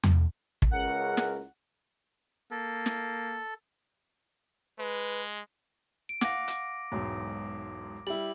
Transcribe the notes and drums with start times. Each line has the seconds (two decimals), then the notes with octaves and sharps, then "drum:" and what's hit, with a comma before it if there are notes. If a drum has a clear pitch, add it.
0.03 drum: tom E2
0.62 drum: kick
0.71 C#2 C#3 A#4 F#5
1.17 drum: snare
2.51 A#3 A4
2.86 drum: snare
4.79 G#3 B4
6.09 D7
6.21 F5 F#5 D6 A#6, drum: snare
6.48 drum: hi-hat
6.92 E1 B1 G#2
8.07 G3 E4 F#7